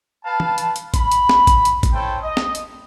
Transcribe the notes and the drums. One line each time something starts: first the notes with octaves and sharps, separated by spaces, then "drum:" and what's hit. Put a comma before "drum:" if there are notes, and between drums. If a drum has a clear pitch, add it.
B4 F5 A5
drum: tom
drum: hi-hat
drum: hi-hat
B5, drum: kick A1, hi-hat
drum: hi-hat
drum: snare
drum: kick A1, hi-hat
drum: hi-hat
drum: kick A1, hi-hat
C#4 E4 A4 C5 G5
D#5
drum: snare
drum: hi-hat